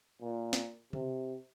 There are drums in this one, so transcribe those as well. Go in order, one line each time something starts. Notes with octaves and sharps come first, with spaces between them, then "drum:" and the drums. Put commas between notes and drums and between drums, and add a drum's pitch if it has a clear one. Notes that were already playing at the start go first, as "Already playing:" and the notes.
A#2
drum: snare
C3, drum: tom C3